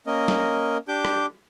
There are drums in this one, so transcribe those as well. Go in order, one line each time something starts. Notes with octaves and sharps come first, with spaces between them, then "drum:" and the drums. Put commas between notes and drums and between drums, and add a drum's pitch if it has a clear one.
A#3 C#4 A#4 D#5
drum: snare
D4 G4 D6 G6
drum: rim click